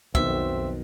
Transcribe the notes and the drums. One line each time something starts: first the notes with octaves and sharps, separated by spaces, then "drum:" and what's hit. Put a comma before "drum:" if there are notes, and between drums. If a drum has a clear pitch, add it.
B1 F2 B2 D#3 C4 E5, drum: kick